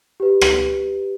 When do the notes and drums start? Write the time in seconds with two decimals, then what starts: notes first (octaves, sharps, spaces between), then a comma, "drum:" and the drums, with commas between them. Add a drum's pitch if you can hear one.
0.20 G4 B4
0.41 drum: rim click